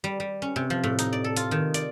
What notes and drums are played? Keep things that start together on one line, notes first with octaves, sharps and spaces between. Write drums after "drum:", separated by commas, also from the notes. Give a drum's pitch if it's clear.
G3
G3
C#4
C3
F3
A2
D#4, drum: hi-hat
D5
A4
F4, drum: hi-hat
D#3
D5, drum: hi-hat